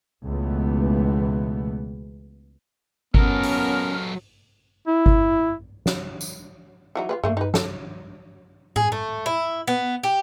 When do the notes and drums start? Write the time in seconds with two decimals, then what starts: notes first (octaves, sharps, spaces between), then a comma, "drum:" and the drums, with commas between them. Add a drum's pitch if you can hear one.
0.24 C#2 B2 E3 A3 B3
3.14 F#3 B3 C#4 A4 A#4, drum: kick G1
3.43 drum: open hi-hat
4.87 E4
5.06 drum: kick G1
5.86 drum: snare
6.21 drum: tambourine
6.95 E3 F#3 D#4
7.09 F4 G#4 B4
7.24 A3 A#3 D4, drum: tom G2
7.37 D#4 B4
7.54 A4, drum: snare
8.76 G#4, drum: tom A2
8.92 A3
9.26 E4
9.68 B3
10.03 G4